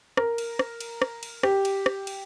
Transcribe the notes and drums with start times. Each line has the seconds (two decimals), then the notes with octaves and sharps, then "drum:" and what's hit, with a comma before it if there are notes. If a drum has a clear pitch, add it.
0.17 A#4, drum: rim click
0.38 drum: cymbal
0.59 drum: rim click
0.80 drum: cymbal
1.02 drum: rim click
1.23 drum: cymbal
1.43 G4, drum: rim click
1.65 drum: cymbal
1.86 drum: rim click
2.07 drum: cymbal